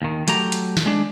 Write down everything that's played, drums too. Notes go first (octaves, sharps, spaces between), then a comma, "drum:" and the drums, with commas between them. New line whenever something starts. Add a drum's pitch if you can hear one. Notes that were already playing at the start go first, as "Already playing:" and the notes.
D#2 D#3
F#3 A3 G4 A#5, drum: hi-hat
drum: hi-hat
drum: snare
G#3 D4